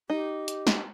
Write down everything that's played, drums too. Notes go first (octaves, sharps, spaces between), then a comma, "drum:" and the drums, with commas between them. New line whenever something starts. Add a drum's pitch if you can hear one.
D#4 G4
drum: hi-hat
drum: snare